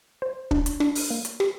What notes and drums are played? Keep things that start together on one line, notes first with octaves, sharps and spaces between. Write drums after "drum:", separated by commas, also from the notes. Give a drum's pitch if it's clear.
C5
D4, drum: kick
drum: hi-hat
D4, drum: rim click
drum: open hi-hat
A#3
drum: hi-hat
G4, drum: rim click